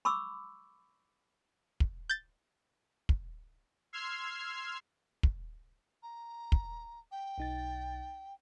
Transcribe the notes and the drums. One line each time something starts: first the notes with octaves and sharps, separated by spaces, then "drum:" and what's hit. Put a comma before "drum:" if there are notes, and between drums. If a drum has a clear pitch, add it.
B5 C#6 D6 E6
drum: kick
G6 A6
drum: kick
C6 E6 F6 G#6 C7
drum: kick
A#5
drum: kick
G5
B1 D#4 A6